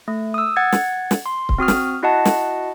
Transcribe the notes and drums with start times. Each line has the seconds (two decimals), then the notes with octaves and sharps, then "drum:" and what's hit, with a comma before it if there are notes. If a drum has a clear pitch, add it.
0.08 A3
0.34 D#6 E6
0.56 F#5 G#6 A6
0.72 drum: snare
1.11 drum: snare
1.26 C6
1.49 drum: kick C#1
1.58 C4 F#4 D#6 F6
1.68 drum: snare
2.03 E4 F#4 D#5 F#5 A5
2.25 drum: snare